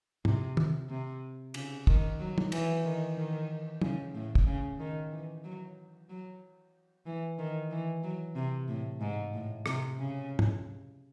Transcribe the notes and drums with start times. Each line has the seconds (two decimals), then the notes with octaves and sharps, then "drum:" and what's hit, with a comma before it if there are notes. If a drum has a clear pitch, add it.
0.25 C3, drum: tom
0.57 drum: tom
0.89 C3
1.54 C#3, drum: cymbal
1.87 D#3, drum: kick
2.19 F#3
2.38 drum: tom
2.52 E3, drum: cymbal
2.84 D#3
3.17 D#3
3.82 C#3, drum: tom
4.14 A2
4.35 drum: kick
4.46 C#3
4.79 D#3
5.11 E3
5.44 F#3
6.09 F#3
7.06 E3
7.38 D#3
7.70 E3
8.03 F#3
8.35 C3
8.68 A2
9.01 G#2
9.33 A2
9.66 C3, drum: rim click
9.98 C#3
10.39 drum: tom